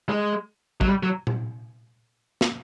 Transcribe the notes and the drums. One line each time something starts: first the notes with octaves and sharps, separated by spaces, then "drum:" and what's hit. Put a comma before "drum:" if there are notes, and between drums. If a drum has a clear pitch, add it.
G#3
F#3, drum: kick
G3
F#3
drum: tom A#2
drum: snare